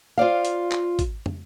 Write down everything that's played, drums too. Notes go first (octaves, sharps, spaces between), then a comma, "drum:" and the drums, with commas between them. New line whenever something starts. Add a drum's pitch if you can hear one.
F4 C5 D5 F5
drum: hi-hat
drum: clap
drum: kick, hi-hat
drum: tom